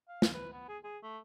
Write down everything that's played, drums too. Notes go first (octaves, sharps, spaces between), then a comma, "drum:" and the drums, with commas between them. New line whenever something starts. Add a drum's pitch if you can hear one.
F5
drum: snare
B4
B3
G#4
G#4
A3